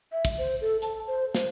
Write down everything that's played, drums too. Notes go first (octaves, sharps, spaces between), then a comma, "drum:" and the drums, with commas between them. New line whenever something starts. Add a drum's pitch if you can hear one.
E5
drum: kick, hi-hat
C5
A4
A5, drum: hi-hat
C5
C5, drum: snare